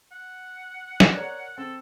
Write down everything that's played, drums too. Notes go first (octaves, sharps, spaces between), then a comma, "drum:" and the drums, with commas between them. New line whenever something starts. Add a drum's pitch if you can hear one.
F#5
drum: snare
A#4 C#5 D5
C4 A4